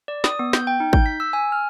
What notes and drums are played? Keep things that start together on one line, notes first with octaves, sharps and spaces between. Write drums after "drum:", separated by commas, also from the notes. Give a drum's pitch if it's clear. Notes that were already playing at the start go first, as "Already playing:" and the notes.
D5
D#6, drum: snare
B3
G6, drum: snare
G5
D#4
G6, drum: kick
B6
E6
G#5
F6